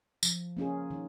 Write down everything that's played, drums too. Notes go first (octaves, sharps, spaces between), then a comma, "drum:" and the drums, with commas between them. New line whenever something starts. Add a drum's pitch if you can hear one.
F3, drum: tambourine
A#3 C#4 F4 G#4
D#3